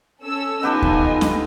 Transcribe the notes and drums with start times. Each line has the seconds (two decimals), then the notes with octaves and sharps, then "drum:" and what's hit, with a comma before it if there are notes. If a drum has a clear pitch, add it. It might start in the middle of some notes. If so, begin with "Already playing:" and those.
0.21 C#4 A4 E6
0.63 B3 D#4 F4 G4 A4 D#5 G#5
0.82 drum: kick D2
1.21 drum: snare